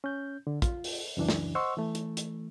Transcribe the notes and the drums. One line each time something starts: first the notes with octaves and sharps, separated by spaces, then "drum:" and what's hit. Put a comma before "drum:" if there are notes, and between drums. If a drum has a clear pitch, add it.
C#4 G6
D3
F4, drum: kick, hi-hat
drum: open hi-hat
C#2 F#2 E3 D4
drum: snare
C5 D#5 F#5 C6 C#6 E6
E3 A3
drum: hi-hat
drum: hi-hat